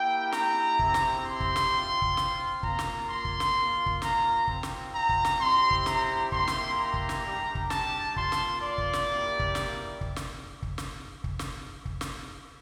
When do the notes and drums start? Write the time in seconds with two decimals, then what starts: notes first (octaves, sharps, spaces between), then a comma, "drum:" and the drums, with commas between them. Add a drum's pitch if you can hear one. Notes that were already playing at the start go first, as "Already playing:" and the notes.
Already playing: A#3 E4 G4 G5
0.32 A#5, drum: snare
0.79 C4 E4 G4, drum: kick
0.94 drum: snare
1.26 C6
1.40 drum: kick
1.56 drum: snare
1.71 C4 F4
2.02 drum: kick
2.17 drum: snare
2.63 A#3 F4 A#5, drum: kick
2.79 drum: snare
3.09 C6
3.25 drum: kick
3.40 drum: snare
3.55 A#3 F4
3.86 drum: kick
4.02 A#5, drum: snare
4.48 C4 F4, drum: kick
4.63 drum: snare
4.94 A#5
5.09 drum: kick
5.25 drum: snare
5.40 G3 C4 E4 G4 C6
5.71 drum: kick
5.86 A#5, drum: snare
6.32 A#3 E4 G4 C6, drum: kick
6.48 drum: snare
6.78 A#5
6.94 drum: kick
7.09 drum: snare
7.24 G3 D4 G4
7.55 drum: kick
7.70 A5, drum: snare
8.16 A#3 F4 C6, drum: kick
8.32 drum: snare
8.62 D5
8.78 drum: kick
8.93 drum: snare
9.09 A#3 E4 G4
9.40 drum: kick
9.55 drum: snare
10.01 drum: kick
10.16 drum: snare
10.62 drum: kick
10.78 drum: snare
11.24 drum: kick
11.39 drum: snare
11.85 drum: kick
12.01 drum: snare